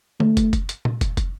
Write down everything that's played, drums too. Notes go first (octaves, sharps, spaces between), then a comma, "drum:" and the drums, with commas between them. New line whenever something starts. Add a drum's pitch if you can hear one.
A3, drum: tom D3
drum: kick, hi-hat
drum: kick, hi-hat
drum: hi-hat
drum: tom A#2
drum: kick, hi-hat
drum: kick, hi-hat